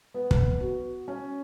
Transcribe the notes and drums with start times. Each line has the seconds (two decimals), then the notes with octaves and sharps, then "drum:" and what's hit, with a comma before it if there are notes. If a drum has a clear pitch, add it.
0.14 B3
0.31 drum: kick
0.61 F#4
1.08 C#4